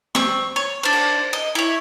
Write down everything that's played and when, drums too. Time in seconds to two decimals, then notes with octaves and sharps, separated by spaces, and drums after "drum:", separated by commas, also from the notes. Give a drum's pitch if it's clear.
0.15 C4 C#6, drum: snare
0.56 C#5
0.83 D4 C5
0.93 drum: cymbal
1.33 D#5
1.55 E4 C#5